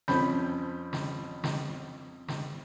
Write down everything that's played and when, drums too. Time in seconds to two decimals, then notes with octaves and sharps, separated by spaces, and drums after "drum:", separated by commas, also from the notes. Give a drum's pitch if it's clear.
0.08 F2 C4 C#4 B5 G6, drum: snare
0.93 drum: snare
1.44 drum: snare
2.28 drum: snare